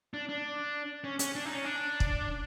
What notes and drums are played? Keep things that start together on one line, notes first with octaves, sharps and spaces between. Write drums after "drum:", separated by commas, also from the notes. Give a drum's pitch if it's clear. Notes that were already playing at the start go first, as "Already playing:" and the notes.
D4
D4
C#4
C#4, drum: hi-hat
D4
D#4
C#4
D4
drum: kick